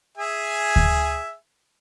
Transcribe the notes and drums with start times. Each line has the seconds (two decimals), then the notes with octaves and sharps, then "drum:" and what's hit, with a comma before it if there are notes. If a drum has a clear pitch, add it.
0.18 G#4 E5 G#5
0.76 drum: kick D2